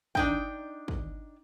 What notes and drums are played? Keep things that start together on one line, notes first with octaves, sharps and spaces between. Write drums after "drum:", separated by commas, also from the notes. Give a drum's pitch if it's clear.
D4 D#4 G5, drum: kick
drum: kick